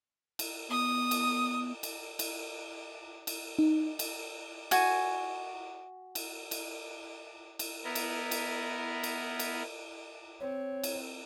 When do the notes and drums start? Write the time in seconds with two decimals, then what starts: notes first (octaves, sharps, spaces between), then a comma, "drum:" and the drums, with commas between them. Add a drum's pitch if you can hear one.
0.39 drum: cymbal
0.69 B3 D#6
1.11 drum: cymbal
1.83 drum: cymbal
2.19 drum: cymbal
3.27 drum: cymbal
3.59 D#4
3.99 drum: cymbal
4.71 F#4 G#5, drum: cymbal
6.15 drum: cymbal
6.51 drum: cymbal
7.59 drum: cymbal
7.84 B3 E4 A#4
7.95 drum: cymbal
8.31 drum: cymbal
9.03 drum: cymbal
9.39 drum: cymbal
10.40 C4 C#5
10.84 drum: cymbal